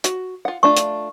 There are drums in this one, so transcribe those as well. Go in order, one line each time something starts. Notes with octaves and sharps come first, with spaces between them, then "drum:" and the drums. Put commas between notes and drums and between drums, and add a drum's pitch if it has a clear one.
F#4, drum: hi-hat
F4 F#5
A3 D4 F4 C#6
drum: hi-hat